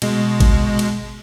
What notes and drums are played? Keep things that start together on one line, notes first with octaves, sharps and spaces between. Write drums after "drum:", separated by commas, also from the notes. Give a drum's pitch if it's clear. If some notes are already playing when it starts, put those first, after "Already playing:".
B2 G#3, drum: cymbal
drum: kick G#1, cymbal
drum: cymbal